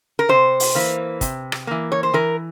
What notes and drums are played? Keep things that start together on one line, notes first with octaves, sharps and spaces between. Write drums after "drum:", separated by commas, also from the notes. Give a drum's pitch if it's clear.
A#4
C3 C5
drum: open hi-hat
E3 A#3
C3, drum: kick, hi-hat
drum: rim click
E3 A#3
C#5
C5
E3 A#4